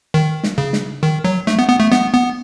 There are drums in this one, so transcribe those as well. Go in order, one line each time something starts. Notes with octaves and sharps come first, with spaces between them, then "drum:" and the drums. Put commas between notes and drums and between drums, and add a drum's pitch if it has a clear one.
D#3
drum: snare
C#3
drum: snare
D#3
F#3
A3, drum: snare
B3
B3
A3
B3, drum: snare
B3